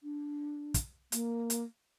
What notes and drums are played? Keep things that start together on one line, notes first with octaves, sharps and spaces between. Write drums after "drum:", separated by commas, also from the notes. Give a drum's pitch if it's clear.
D4
drum: kick, hi-hat
A#3, drum: hi-hat
drum: hi-hat